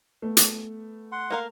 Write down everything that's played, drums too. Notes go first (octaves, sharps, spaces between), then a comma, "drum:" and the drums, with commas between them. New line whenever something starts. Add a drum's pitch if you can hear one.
A3 B3
drum: hi-hat
F#5 C6
A#3 A#4 F5